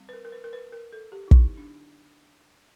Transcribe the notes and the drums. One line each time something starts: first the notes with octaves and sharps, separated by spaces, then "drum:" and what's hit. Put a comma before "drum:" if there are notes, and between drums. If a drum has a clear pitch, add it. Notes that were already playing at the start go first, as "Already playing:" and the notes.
Already playing: G3 C4
B4
A#4
A#4
B4
A#4
B4
A#4
A4
G4
E4
D3 F#3 B3 D#4, drum: kick
D4